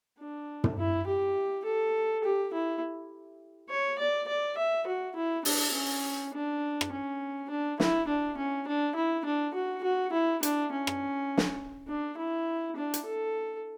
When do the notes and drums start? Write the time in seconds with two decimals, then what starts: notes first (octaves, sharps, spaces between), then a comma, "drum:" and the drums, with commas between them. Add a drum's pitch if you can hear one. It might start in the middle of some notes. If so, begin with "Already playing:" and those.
0.19 D4
0.64 drum: tom
0.78 E4
1.07 G4
1.65 A4
2.24 G4
2.53 E4
3.70 C#5
3.99 D5
4.28 D5
4.57 E5
4.87 F#4
5.16 E4
5.45 D4, drum: open hi-hat
5.74 C#4
6.33 D4
6.81 drum: rim click
6.92 C#4
7.50 D4
7.80 E4, drum: snare
8.08 D4
8.37 C#4
8.67 D4
8.95 E4
9.25 D4
9.54 F#4
9.84 F#4
10.13 E4
10.43 D4, drum: hi-hat
10.72 C#4
10.87 drum: rim click
11.37 drum: snare
11.88 D4
12.17 E4
12.76 D4
12.94 drum: hi-hat
13.05 A4